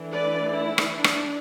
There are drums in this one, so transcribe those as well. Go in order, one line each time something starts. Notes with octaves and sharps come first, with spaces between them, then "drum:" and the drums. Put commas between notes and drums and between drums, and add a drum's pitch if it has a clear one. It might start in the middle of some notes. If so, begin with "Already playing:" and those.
Already playing: E3 A3 D4
B4 D5
E4
drum: rim click
D4
drum: rim click